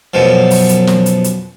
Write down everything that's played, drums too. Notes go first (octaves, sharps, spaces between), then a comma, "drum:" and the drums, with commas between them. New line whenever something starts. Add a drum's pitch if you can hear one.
F#2 B2 F3
drum: open hi-hat
drum: hi-hat
drum: snare
drum: hi-hat
drum: hi-hat